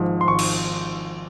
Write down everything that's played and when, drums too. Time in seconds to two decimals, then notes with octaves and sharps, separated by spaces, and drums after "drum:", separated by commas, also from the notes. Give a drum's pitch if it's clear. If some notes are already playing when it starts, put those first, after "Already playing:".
Already playing: G#1 G#2 F3
0.21 C6
0.28 G#1 C#6
0.39 drum: cymbal